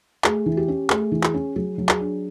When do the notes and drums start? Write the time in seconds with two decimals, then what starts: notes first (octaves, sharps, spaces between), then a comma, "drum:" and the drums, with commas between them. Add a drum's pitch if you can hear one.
0.24 A3 G#4, drum: clap
0.46 E3
0.57 G4
0.68 C#4
0.90 A3 G#4, drum: clap
1.12 E3
1.23 G#4, drum: clap
1.34 C#4
1.56 F#3 G#4
1.78 F#3
1.89 G#4, drum: clap
2.00 D4